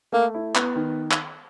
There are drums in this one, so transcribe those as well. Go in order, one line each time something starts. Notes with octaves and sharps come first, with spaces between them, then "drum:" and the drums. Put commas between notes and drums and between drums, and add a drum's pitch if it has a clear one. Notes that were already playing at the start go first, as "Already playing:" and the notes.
A3 A#3
E4
B3, drum: clap
D#3
drum: clap